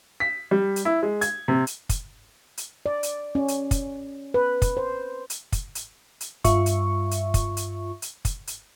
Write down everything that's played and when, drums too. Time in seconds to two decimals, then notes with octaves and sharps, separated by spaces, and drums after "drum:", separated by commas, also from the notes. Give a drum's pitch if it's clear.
0.20 B6
0.51 G3
0.76 drum: hi-hat
0.85 E4
1.03 G#3
1.21 G#6, drum: hi-hat
1.48 C3
1.67 drum: hi-hat
1.89 drum: kick, hi-hat
2.57 drum: hi-hat
2.86 D5
3.03 drum: hi-hat
3.35 C#4
3.48 drum: hi-hat
3.71 drum: kick, hi-hat
4.34 B4
4.62 drum: kick, hi-hat
4.77 C5
5.30 drum: hi-hat
5.52 drum: kick, hi-hat
5.75 drum: hi-hat
6.21 drum: hi-hat
6.44 G2 F4 E5 C#6, drum: kick, hi-hat
6.66 drum: hi-hat
7.11 drum: hi-hat
7.34 drum: kick, hi-hat
7.57 drum: hi-hat
8.02 drum: hi-hat
8.25 drum: kick, hi-hat
8.47 drum: hi-hat